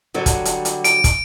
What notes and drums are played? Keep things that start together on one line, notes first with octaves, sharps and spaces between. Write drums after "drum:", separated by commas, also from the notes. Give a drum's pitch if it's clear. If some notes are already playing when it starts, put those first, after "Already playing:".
D3 F#3 G3
drum: kick, hi-hat
drum: hi-hat
drum: hi-hat
D7, drum: hi-hat
drum: kick, hi-hat